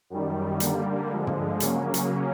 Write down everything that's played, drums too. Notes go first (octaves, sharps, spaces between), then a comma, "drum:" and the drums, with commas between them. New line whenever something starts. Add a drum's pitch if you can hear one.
F#2 D#3 G3
D3 G3 A#3, drum: hi-hat
D3 F3 G#3
drum: tom
C#3 F#3 A#3 C#4, drum: hi-hat
drum: hi-hat